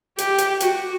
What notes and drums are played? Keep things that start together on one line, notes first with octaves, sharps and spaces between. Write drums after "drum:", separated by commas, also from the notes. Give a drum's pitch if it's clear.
G4, drum: hi-hat
drum: hi-hat
F#4, drum: hi-hat